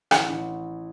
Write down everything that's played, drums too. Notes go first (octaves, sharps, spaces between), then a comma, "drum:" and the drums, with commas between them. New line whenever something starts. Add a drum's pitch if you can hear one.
A1, drum: rim click
A1